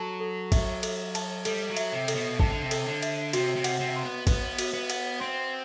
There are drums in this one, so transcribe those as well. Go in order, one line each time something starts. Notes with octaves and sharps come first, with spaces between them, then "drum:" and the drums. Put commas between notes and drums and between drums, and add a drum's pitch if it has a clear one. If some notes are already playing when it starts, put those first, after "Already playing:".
Already playing: F#3 A4 A5
A4
E5, drum: kick A1, cymbal
A4, drum: cymbal
A5, drum: cymbal
G3 A4, drum: cymbal
F#3
E5, drum: cymbal
C3
A4, drum: cymbal
B2
C3 A5, drum: kick A1
D3
C3
A4, drum: cymbal
D3
E5, drum: cymbal
C3 F#4, drum: cymbal
C3
F#5, drum: cymbal
C3
C6
B3
B3 B4, drum: kick A1, cymbal
F#4, drum: cymbal
B3
F#5, drum: cymbal
C4 C6